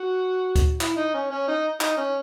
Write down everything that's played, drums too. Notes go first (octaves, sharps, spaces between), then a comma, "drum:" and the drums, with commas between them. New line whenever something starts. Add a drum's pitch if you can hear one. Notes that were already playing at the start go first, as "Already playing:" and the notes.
Already playing: F#4
drum: kick, hi-hat
E4, drum: clap
D#4
C#4
C#4
D#4
D#4, drum: clap
C#4